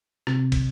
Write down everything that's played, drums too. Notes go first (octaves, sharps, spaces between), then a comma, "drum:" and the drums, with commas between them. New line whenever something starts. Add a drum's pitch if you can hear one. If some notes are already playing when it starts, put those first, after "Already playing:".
C3, drum: rim click
drum: kick, cymbal